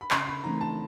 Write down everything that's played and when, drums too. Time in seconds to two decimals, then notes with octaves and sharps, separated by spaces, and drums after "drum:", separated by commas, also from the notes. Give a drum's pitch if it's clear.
0.01 B5
0.11 C#3 C6, drum: clap
0.27 B5
0.44 E3 A3 C4 D#4 A#5
0.61 A5